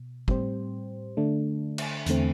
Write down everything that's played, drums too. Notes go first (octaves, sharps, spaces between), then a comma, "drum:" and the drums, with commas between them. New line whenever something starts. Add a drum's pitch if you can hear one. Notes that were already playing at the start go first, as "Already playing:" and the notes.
Already playing: B2
A2 G3 C4 G4 C5, drum: kick
D3 A3 D4
drum: cymbal
E2 D3 A3 C4, drum: hi-hat